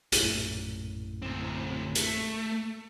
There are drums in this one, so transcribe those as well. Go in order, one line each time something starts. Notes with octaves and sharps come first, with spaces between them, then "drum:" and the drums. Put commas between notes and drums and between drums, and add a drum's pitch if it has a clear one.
A#1 F#2 A2, drum: hi-hat
D2 C4
A3, drum: hi-hat